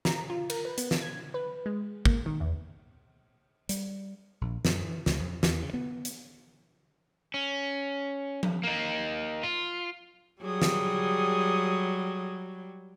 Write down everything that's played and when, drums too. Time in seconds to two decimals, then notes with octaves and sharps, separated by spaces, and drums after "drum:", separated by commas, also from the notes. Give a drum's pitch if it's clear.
0.05 A#5, drum: snare
0.30 F4
0.50 A#4, drum: cymbal
0.65 B4
0.78 B3, drum: hi-hat
0.91 drum: snare
1.01 G#6
1.34 B4
1.66 G#3
2.05 A#3, drum: kick
2.26 D#3
2.40 E2
3.69 G3, drum: hi-hat
4.41 A#1
4.65 F#2, drum: snare
4.82 E3
5.06 C#2, drum: snare
5.19 F2
5.43 E2, drum: snare
5.62 C#3
5.74 B3
6.05 drum: hi-hat
7.34 C#4
8.43 drum: tom F3
8.63 A#3 D#4
9.43 F4
10.42 F#3 G3 G#4 D#6
10.62 drum: snare